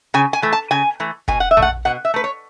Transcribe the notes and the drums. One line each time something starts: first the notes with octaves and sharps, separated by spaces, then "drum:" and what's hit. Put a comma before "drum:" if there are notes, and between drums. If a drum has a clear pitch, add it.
C#3 G#5
G#5
E3 A3
A5
C#3 G#5
E3 A3
B2 G#5, drum: kick
F#5
E5
A3, drum: tom A#1
F#5
B2 F#5
E5
A3 B4
C#5